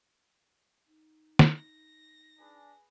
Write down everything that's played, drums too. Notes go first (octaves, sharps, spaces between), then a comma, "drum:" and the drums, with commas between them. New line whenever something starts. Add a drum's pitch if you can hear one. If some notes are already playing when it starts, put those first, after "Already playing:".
D#4
drum: snare
A#6
D4 G#4 B4 G#5